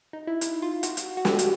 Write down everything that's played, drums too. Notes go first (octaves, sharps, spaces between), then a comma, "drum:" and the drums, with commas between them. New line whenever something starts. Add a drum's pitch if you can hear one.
D#4
E4
E4, drum: hi-hat
F4
F#4, drum: hi-hat
drum: hi-hat
F#4
G4, drum: snare
drum: hi-hat